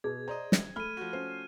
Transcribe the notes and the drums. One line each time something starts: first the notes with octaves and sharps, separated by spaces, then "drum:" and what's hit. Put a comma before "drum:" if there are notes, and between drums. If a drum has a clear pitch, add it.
B2 G#4 G#6
C5 D5 D#5 A#5
drum: snare
A3 B5 F6 D#7
F3 F#4
A3 C#4 C5